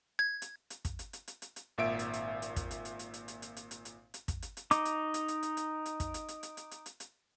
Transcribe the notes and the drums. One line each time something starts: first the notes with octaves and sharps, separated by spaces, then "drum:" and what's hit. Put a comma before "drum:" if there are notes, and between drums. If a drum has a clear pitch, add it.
G#6
drum: hi-hat
drum: hi-hat
drum: kick, hi-hat
drum: hi-hat
drum: hi-hat
drum: hi-hat
drum: hi-hat
drum: hi-hat
G#1 A#2 E5 D7
drum: hi-hat
drum: hi-hat
drum: hi-hat
drum: kick, hi-hat
drum: hi-hat
drum: hi-hat
drum: hi-hat
drum: hi-hat
drum: hi-hat
drum: hi-hat
drum: hi-hat
drum: hi-hat
drum: hi-hat
drum: hi-hat
drum: kick, hi-hat
drum: hi-hat
drum: hi-hat
D#4 D6, drum: hi-hat
drum: hi-hat
drum: hi-hat
drum: hi-hat
drum: hi-hat
drum: hi-hat
drum: hi-hat
drum: kick, hi-hat
drum: hi-hat
drum: hi-hat
drum: hi-hat
drum: hi-hat
drum: hi-hat
drum: hi-hat
drum: hi-hat